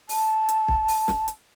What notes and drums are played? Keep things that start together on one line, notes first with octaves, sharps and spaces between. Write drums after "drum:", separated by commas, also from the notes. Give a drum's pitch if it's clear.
A5, drum: open hi-hat
drum: hi-hat
drum: kick
drum: open hi-hat
drum: snare
drum: hi-hat